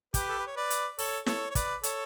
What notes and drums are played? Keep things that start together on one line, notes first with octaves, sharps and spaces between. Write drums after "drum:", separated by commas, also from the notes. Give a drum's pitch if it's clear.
G4 B4, drum: kick, hi-hat
A4
B4
C#5
B4 D5
drum: hi-hat
A4 C#5, drum: open hi-hat
A4 C#5, drum: snare
C#5
B4 D5, drum: kick, hi-hat
A4 C#5, drum: hi-hat